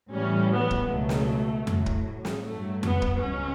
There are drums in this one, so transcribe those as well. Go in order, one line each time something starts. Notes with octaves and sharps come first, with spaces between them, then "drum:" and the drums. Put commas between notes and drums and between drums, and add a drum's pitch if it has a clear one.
A2 E3 G3 C#4
B3
drum: kick
C#2 B2 F#3 A3
drum: snare
A2 F#3, drum: tom F2
drum: kick
drum: snare
G2 F#3 A3
B3, drum: tom F2
drum: kick
C#2 B2 F#3 C#4